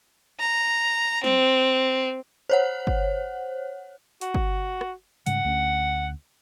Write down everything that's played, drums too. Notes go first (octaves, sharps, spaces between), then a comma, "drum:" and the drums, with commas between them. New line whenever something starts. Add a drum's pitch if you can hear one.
A#5
C4, drum: snare
C5 C#5 F#5
drum: kick G1
F#4, drum: hi-hat
drum: kick G1
drum: rim click
G#2 C#3 G3 F#5, drum: hi-hat
D2 A3 C#4